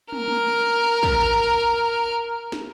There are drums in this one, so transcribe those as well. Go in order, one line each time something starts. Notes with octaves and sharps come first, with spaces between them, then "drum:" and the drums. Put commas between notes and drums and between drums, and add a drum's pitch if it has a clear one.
A#4 F6, drum: tom
drum: tom
drum: kick
drum: snare